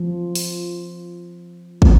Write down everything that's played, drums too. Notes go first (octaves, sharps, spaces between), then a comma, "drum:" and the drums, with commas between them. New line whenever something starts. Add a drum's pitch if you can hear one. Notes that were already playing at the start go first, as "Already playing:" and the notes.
Already playing: F3
drum: open hi-hat
F3, drum: kick